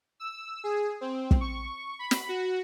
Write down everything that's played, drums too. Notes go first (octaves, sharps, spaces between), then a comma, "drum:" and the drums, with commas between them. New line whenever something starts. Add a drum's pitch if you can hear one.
E6
G#4
C4
drum: kick
C#6
B5
drum: snare
F#4